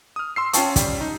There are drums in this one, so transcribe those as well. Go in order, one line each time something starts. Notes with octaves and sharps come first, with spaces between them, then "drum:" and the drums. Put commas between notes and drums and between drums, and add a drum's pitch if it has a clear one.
D#6 F6
C6 E6 C7
C#4 F4 G5 A5 C#6, drum: hi-hat
G3, drum: kick, hi-hat
D#4